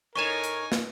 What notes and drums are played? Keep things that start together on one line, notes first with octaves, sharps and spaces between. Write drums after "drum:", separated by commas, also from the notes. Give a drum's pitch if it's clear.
A2 D#4 A#4 C#5 G#5 C#6 D#7 E7
drum: hi-hat
drum: snare